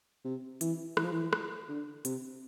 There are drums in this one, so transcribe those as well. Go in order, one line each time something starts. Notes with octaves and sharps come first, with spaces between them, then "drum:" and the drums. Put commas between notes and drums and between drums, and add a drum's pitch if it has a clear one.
C3
E3, drum: hi-hat
E3, drum: rim click
F3
E3
drum: rim click
D3
C3, drum: hi-hat